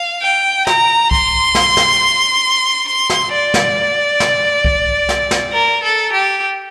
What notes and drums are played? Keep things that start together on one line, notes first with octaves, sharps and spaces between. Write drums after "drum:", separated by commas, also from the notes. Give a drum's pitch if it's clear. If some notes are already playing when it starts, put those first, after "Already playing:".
Already playing: F5
G5
A#5, drum: snare
C6, drum: kick C2
drum: snare
drum: snare
C6
drum: snare
D5
drum: snare
drum: snare
drum: kick C2
drum: snare
drum: snare
A#4
A4
G4